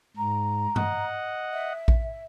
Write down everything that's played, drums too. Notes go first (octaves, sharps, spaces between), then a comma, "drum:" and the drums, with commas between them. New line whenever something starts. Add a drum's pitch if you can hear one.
G#2 A#5
D#5 F#5, drum: tom G2
E5
drum: kick A#1